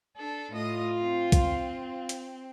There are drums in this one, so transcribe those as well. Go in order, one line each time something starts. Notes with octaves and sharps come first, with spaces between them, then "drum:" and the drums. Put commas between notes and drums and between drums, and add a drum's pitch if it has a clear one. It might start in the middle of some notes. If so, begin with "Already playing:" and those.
D4 A4
A2 F4 D#5 D#6
C4
drum: kick B1, hi-hat
drum: hi-hat